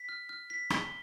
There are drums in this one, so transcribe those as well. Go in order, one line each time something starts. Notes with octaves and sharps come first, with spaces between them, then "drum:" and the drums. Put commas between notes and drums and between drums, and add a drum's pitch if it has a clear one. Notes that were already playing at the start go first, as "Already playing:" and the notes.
Already playing: B6
F6
F6
B6
G7, drum: rim click